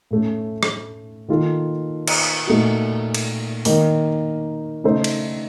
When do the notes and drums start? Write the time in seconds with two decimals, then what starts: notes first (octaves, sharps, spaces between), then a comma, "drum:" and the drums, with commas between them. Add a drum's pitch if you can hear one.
0.11 A2 A3 C#4
0.63 drum: rim click
1.28 D#3 A#3 F4 A4
2.07 drum: cymbal
2.47 A#2 A3 D#4 F#4
3.14 drum: cymbal
3.65 D#3 A#3 D#4 A#4, drum: open hi-hat
4.84 C#3 A3 D#4 A4 C5
5.04 drum: cymbal